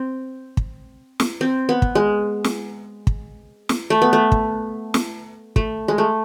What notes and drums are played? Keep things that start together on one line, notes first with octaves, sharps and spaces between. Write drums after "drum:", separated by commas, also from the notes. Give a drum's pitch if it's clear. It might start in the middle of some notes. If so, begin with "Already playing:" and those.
Already playing: C4
drum: kick
drum: snare
C4
B3
drum: kick
G#3
drum: snare
drum: kick
drum: snare
A3
B3
A3
drum: kick
drum: snare
A3, drum: kick
G#3
A3